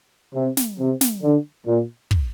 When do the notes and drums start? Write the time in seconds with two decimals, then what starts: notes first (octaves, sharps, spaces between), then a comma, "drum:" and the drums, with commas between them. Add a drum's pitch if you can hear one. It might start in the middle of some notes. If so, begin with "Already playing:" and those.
0.35 C3
0.57 drum: snare
0.79 C3
1.01 drum: snare
1.23 D3
1.67 A#2
2.11 drum: kick